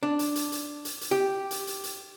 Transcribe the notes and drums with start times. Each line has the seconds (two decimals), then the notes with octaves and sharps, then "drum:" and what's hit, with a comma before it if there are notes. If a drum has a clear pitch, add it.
0.03 D4
0.19 drum: hi-hat
0.35 drum: hi-hat
0.52 drum: hi-hat
0.85 drum: hi-hat
1.01 drum: hi-hat
1.11 G4
1.51 drum: hi-hat
1.67 drum: hi-hat
1.84 drum: hi-hat